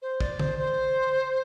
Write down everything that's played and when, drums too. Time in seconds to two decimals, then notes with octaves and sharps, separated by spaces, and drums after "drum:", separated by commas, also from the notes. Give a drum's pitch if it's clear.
0.02 C5
0.20 D5, drum: kick
0.39 C5, drum: tom
0.58 C5